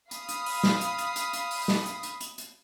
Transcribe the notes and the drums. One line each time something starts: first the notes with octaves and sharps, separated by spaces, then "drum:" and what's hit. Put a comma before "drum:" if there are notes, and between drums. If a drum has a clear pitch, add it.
F5 B5 D#6, drum: hi-hat
drum: hi-hat
drum: open hi-hat
drum: snare
drum: hi-hat
drum: hi-hat
drum: hi-hat
drum: hi-hat
drum: open hi-hat
drum: snare
drum: hi-hat
drum: hi-hat
drum: hi-hat
drum: hi-hat